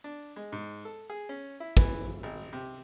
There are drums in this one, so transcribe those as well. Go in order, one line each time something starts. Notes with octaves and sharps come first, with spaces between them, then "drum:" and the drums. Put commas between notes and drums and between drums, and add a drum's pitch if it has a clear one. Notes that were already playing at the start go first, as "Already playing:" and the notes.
D4
G#3
G#2
A4
G#4
C#4
E4
E3, drum: kick
G#1
C3